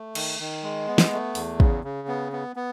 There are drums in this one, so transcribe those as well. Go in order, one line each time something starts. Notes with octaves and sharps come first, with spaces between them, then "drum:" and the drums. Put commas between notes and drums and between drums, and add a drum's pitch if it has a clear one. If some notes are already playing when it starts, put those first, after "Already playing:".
Already playing: A3
D#3, drum: cymbal
D#3
G#3
B3
drum: snare
A3
E2, drum: open hi-hat
C#3, drum: kick
C#3
B3
B3
B3